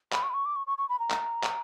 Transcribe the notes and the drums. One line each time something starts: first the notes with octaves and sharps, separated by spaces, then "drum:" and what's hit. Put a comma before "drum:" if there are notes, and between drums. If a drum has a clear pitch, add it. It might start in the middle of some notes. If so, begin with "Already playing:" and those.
B5, drum: clap
C#6
B5
C#6
D6
C#6
C#6
C#6
B5
A#5
drum: clap
drum: clap